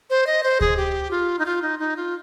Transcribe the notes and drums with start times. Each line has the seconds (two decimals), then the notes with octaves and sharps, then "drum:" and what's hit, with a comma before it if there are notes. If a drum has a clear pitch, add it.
0.10 C5
0.27 D#5
0.43 C5
0.61 G#4, drum: kick D2
0.77 G4
1.11 F4
1.39 D#4
1.46 F4
1.62 D#4
1.79 D#4
1.97 F4